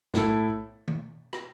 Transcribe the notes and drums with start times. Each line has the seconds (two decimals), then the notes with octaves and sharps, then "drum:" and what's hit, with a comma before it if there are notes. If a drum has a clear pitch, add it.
0.14 A2 A3 E4 A4, drum: snare
0.88 drum: tom
1.33 drum: rim click